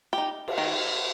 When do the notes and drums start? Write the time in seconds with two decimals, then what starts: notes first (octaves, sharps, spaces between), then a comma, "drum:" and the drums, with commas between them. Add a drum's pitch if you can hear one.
0.13 D#4 G4
0.48 drum: cymbal
0.58 D#3